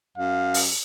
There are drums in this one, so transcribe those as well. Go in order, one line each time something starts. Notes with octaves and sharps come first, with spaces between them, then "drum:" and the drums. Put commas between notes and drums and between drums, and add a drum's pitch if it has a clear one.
F#2 F5
drum: open hi-hat